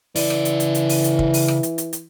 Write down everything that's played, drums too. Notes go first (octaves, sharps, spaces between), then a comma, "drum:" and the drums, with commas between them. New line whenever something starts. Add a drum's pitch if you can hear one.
C#3 E3 D5, drum: open hi-hat
drum: rim click
drum: hi-hat
drum: hi-hat
drum: hi-hat
drum: open hi-hat
drum: hi-hat
drum: kick
drum: open hi-hat
drum: rim click
drum: hi-hat
drum: hi-hat
drum: hi-hat